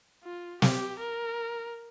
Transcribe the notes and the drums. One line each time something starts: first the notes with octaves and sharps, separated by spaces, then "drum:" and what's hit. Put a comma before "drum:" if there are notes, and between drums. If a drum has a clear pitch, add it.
F4
G4, drum: snare
A#4